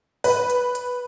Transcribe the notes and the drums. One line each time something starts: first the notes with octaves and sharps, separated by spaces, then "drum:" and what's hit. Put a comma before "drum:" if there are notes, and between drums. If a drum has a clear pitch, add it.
B4, drum: open hi-hat
drum: hi-hat
drum: hi-hat